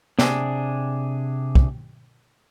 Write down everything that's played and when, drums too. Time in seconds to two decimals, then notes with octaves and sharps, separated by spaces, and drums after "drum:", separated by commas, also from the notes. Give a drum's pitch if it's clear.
0.19 C3 D4 G#4, drum: snare
1.55 drum: kick